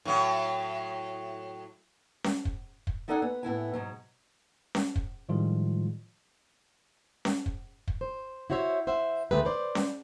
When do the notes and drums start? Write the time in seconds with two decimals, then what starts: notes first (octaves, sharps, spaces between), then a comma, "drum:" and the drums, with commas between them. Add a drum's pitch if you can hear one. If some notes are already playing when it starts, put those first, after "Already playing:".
0.05 A2 F#3
2.24 drum: snare C#4
2.45 drum: kick
2.87 drum: kick
3.08 B3 D#4 A4 D5 F#5 G#5
3.22 B3
3.43 A2 B3 E4 G#5
3.74 G#2 B2 F#3
4.75 drum: snare C#4
4.96 drum: kick
5.29 A2 D#3 F3 G3 G#3 F4
7.25 drum: snare C#4
7.46 drum: kick
7.88 drum: kick
8.01 C5
8.50 E4 F#4 C5 C#5 E5
8.87 C5 E5 F#5
9.31 D2 D3 A3 C4 G#4 B4
9.45 B4 C5 D5
9.75 drum: snare C#4